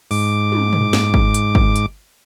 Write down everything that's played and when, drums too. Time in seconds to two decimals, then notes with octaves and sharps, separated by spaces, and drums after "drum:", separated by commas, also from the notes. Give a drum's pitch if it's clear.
0.11 G#2 D6, drum: open hi-hat
0.52 drum: tom
0.73 drum: tom
0.93 drum: snare
1.14 drum: kick
1.34 drum: hi-hat
1.55 drum: kick
1.76 drum: hi-hat